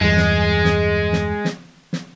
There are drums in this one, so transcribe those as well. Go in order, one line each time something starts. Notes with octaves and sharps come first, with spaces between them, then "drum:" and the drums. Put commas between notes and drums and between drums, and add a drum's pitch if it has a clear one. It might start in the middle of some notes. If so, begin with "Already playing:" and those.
E2 G2 G#3
drum: snare
drum: snare
drum: snare
drum: snare
drum: snare